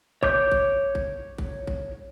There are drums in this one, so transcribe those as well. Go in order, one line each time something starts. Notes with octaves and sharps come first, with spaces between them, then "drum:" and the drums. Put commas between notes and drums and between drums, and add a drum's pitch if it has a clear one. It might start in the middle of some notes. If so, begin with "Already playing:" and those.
C#5 D6 G6, drum: kick A1
drum: kick A1
drum: kick A1
drum: kick A1
drum: kick A1